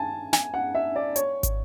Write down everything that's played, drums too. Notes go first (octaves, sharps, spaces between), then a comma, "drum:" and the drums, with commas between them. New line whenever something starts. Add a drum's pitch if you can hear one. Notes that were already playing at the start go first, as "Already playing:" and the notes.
Already playing: G#5 A5
G#5, drum: snare
F#5
E5
D5
C#5, drum: hi-hat
drum: kick, hi-hat